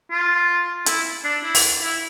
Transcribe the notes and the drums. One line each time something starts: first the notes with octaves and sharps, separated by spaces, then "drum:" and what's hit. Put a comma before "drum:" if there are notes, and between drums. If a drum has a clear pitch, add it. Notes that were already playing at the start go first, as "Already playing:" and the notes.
F4
E4, drum: hi-hat
D4
E4
drum: open hi-hat
E4